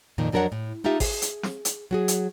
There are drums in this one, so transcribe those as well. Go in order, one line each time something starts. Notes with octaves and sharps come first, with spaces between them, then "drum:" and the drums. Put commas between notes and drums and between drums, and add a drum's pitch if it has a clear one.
F2 A#2 D#3
F2 F#3 D4 A#4 C#5 F#5
A2
A3 D#4 F4 G4 E5
G#4, drum: kick G#1, open hi-hat
drum: hi-hat
drum: snare
drum: hi-hat
F#3 F#4 G#4
drum: hi-hat